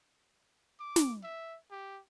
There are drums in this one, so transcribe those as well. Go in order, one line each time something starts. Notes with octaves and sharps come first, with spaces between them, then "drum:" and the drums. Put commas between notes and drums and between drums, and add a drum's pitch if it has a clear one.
D6
drum: snare
E5
G4